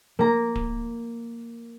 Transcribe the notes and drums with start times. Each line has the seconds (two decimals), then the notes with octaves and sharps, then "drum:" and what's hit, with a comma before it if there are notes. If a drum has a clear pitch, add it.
0.19 A#3 A#5
0.55 drum: kick D1